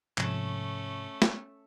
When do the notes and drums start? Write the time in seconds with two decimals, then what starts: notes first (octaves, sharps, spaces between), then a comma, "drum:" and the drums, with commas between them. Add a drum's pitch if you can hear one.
0.18 G#2 C3 F3 A3 C#4, drum: clap
1.22 drum: snare